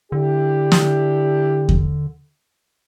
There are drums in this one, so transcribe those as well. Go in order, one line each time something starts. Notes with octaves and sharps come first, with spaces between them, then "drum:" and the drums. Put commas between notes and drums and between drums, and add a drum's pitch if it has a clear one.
D3 D4 E4 G4
drum: snare
drum: kick E2